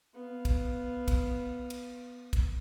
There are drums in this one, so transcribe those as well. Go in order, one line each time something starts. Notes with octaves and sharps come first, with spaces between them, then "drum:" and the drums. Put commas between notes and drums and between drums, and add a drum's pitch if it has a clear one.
B3 F5
drum: kick, cymbal
drum: kick, cymbal
drum: cymbal
drum: kick, cymbal